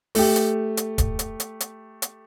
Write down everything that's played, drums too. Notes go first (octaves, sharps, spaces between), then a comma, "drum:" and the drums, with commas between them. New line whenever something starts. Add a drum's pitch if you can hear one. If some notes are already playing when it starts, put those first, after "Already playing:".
A3 G4, drum: open hi-hat
drum: hi-hat
drum: hi-hat
drum: kick, hi-hat
drum: hi-hat
drum: hi-hat
drum: hi-hat
drum: hi-hat